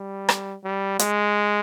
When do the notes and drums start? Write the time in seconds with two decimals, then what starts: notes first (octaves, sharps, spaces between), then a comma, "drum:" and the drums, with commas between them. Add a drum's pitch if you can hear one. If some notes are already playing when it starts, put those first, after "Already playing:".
Already playing: G3
0.29 drum: rim click
0.64 G3
0.99 G#3, drum: hi-hat